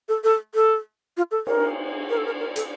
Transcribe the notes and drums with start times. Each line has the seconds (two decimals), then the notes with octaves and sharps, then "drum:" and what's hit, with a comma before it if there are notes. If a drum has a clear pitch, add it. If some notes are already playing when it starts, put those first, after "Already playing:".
0.09 A4
0.24 A4
0.55 A4
1.17 F4
1.31 A4
1.47 A#4, drum: cymbal
2.10 A#4
2.18 A4
2.26 A#4
2.40 A#4
2.56 A4, drum: hi-hat